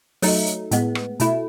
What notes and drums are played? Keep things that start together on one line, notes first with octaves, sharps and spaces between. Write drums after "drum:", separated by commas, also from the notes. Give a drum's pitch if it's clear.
F#3 A3 D#4, drum: open hi-hat
drum: hi-hat
A2 G#3 B3, drum: hi-hat
drum: rim click
B2 A3 E4, drum: hi-hat